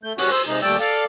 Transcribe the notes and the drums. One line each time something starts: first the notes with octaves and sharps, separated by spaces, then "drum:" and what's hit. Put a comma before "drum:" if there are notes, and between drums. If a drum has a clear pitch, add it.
A3 G6
G3 C#4 F#4, drum: open hi-hat
C5 E6
C3 G#3 D#4
D#2 G3 A3 D5 G5 E6
A4 D5 F5